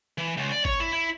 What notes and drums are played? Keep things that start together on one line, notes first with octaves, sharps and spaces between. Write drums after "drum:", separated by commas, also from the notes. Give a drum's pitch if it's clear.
E3
C#2
D5
C#5, drum: kick G#1
E4
E4